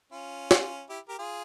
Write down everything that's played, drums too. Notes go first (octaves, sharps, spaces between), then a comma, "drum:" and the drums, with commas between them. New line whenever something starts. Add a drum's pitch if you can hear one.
C#4 F4
drum: snare
E4 G4
G4 A#4
F4 G#4